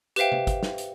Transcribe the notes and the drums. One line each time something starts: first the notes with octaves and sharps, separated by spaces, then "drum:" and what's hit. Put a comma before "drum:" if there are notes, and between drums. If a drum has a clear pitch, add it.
G4 B4 C5 E5 F5 G5, drum: hi-hat
drum: tom C3
drum: kick, hi-hat
drum: snare
drum: hi-hat